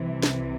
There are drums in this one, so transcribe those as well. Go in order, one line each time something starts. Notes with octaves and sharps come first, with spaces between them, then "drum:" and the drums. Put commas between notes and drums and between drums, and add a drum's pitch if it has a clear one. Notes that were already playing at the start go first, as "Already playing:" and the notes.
Already playing: C2 C3 E3
drum: snare